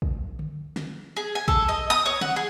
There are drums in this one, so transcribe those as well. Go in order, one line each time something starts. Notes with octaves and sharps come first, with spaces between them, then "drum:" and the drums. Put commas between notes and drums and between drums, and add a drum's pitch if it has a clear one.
drum: kick
drum: tom D3
drum: snare
G#4
G#5
A4, drum: kick
D#5
D#6
C#5
F#5, drum: snare
G#4